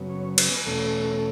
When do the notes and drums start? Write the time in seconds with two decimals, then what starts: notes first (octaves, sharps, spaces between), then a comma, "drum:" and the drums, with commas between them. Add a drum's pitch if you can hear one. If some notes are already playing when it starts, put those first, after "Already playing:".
Already playing: F#2 C#3 F#3 B3
0.09 C#5
0.38 B4, drum: cymbal
0.66 E2 B2 A3 C#4 A4